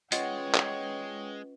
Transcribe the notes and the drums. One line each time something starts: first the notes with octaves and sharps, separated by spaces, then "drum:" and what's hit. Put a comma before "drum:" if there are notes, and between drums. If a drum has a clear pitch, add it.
G#3 C#4 F4 B4 C#5 D#5 F#5 G5, drum: hi-hat
drum: clap